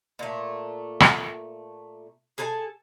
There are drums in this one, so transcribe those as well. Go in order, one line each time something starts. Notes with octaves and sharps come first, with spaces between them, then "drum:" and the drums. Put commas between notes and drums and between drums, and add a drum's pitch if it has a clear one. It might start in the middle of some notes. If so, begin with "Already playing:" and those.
A#2 A3
drum: rim click
G#4 A4 G#5 A5